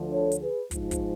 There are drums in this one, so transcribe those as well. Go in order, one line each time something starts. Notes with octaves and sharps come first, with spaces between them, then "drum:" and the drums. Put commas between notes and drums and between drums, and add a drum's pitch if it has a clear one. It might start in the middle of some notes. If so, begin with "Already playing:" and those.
Already playing: D2 D3 F3
A4 C#5
drum: hi-hat
G#4 B4
G#2 F3, drum: kick, hi-hat
drum: kick, hi-hat